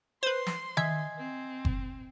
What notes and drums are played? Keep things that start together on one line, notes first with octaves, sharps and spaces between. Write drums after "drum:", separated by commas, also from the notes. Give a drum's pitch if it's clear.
B4 C5 C6
drum: snare
D#5 E5 G#5 G#6, drum: tom D#3
C4
drum: kick F#1